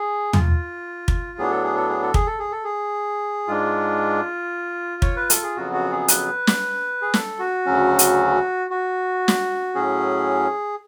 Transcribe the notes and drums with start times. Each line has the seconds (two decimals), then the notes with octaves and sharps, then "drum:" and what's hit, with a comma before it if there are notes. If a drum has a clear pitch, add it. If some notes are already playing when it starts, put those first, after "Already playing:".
Already playing: G#4
0.33 F4, drum: tom
1.08 drum: kick
1.38 A2 F#3 B3 D4 G#4
1.51 A4
1.63 G#4
1.76 A4
1.89 G#4
2.02 A4
2.14 G#4, drum: kick
2.27 A4
2.39 G#4
2.52 A4
2.64 G#4
3.48 G#2 G#3 D4 F4
5.02 C#5, drum: kick
5.16 B4
5.30 A4, drum: hi-hat
5.43 G#4
5.56 F2 C#3 F#3 B3 F#4
5.73 F#4
5.91 G#4
6.08 B4, drum: hi-hat
6.47 drum: snare
7.02 G#4
7.14 A4, drum: snare
7.39 F#4
7.66 D2 C#3 F#3 C#4
7.99 drum: hi-hat
8.71 F#4
9.28 drum: snare
9.75 A2 F#3 C#4 G#4